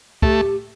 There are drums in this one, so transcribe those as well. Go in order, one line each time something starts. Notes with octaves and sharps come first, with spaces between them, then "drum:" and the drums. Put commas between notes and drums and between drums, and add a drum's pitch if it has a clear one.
A3 G4, drum: kick